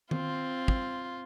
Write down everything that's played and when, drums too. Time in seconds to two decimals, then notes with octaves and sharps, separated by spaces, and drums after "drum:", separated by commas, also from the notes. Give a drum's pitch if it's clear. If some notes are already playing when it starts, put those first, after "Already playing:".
0.11 C4 F4, drum: tom D#3
0.68 drum: kick